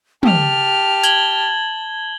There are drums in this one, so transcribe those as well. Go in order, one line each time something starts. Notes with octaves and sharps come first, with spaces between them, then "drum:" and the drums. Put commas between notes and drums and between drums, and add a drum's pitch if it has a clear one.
G4 A5 F6, drum: tom
G#6 F#7 G7, drum: hi-hat